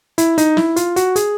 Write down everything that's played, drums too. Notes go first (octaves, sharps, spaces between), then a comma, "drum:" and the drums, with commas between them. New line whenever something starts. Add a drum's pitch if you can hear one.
E4, drum: hi-hat
D#4, drum: hi-hat
E4, drum: snare
F4, drum: hi-hat
F#4, drum: hi-hat
G#4, drum: hi-hat